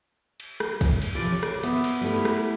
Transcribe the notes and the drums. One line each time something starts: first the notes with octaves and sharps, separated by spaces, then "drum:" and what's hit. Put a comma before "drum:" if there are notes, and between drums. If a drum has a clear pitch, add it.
drum: cymbal
drum: rim click
drum: kick, cymbal
drum: cymbal
C3 E3 F3 D5
C#5
drum: rim click
B3 E5, drum: cymbal
drum: cymbal
G3 A3 E4
drum: rim click